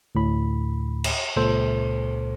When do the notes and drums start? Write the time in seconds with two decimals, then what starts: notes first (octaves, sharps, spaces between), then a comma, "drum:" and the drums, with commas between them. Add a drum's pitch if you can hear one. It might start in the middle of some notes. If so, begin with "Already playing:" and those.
0.15 D2 A2 B5
1.04 drum: cymbal
1.36 C#2 A#2 A4 C5